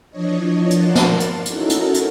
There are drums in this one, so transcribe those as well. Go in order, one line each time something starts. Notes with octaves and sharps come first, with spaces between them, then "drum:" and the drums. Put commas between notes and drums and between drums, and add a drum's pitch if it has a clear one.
E3 F3 D4 C#5 D#5
A#4 D5 F5 F#5 A5 C6, drum: hi-hat
drum: snare
drum: hi-hat
C#4 D#4 E4 F#4 A4 A#4, drum: hi-hat
drum: hi-hat
drum: hi-hat